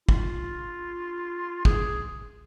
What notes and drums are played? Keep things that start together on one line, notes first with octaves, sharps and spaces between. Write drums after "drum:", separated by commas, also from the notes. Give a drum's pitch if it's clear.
F4, drum: kick
G#4, drum: kick